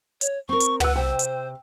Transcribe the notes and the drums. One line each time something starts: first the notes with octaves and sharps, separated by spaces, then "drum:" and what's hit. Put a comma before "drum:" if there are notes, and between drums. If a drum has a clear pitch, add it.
C#5, drum: hi-hat
C4 A#4 C#6
drum: hi-hat
B4 F#5 E6, drum: tom
C3 C5 E5 G5
drum: hi-hat